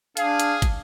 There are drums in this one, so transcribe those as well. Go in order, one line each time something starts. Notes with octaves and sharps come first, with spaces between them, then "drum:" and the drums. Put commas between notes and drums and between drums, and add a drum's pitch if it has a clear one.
D4 G#4 F5, drum: hi-hat
drum: hi-hat
drum: kick, hi-hat